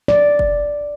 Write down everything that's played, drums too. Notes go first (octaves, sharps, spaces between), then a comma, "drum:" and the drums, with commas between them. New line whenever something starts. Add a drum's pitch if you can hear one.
D5, drum: snare
drum: kick